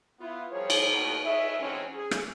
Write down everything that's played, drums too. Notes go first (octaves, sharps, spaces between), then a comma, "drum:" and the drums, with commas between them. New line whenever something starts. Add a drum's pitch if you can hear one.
B3 E4 F4
F3 G3 G#4 A#4 C5 C#5
drum: cymbal
D#2 B2
G#4 B4 C#5 D#5 E5
D3 E3 F#3 G#3 C4 C#4
G#4
drum: rim click